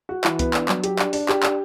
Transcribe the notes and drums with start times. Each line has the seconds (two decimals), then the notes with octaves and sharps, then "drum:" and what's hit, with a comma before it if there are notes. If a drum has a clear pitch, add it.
0.09 F#4
0.24 E3, drum: clap
0.39 B3, drum: kick C2, hi-hat
0.54 D4, drum: clap
0.69 F#3, drum: clap
0.84 G4, drum: hi-hat
0.99 D4, drum: clap
1.13 D4, drum: open hi-hat
1.29 G4, drum: clap
1.43 D4, drum: clap